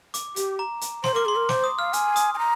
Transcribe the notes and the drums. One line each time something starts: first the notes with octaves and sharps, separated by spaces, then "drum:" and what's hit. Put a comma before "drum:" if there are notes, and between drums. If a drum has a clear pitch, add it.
D6, drum: hi-hat
G4, drum: hi-hat
A#5
drum: hi-hat
C5 C6, drum: snare
A#4 D6
G#4 C6
A#4
C5 D6, drum: snare
D#6
F5 F6
G#5 F6, drum: hi-hat
D#6, drum: hi-hat
G#5
A#5